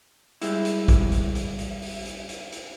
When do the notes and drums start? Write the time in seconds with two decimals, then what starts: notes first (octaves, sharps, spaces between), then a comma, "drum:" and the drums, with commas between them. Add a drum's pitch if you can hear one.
0.42 G3 G#3 E4, drum: hi-hat
0.65 drum: hi-hat
0.88 drum: kick A1, hi-hat
1.12 drum: hi-hat
1.35 drum: hi-hat
1.59 drum: hi-hat
1.82 drum: open hi-hat
2.06 drum: hi-hat
2.29 drum: hi-hat
2.52 drum: hi-hat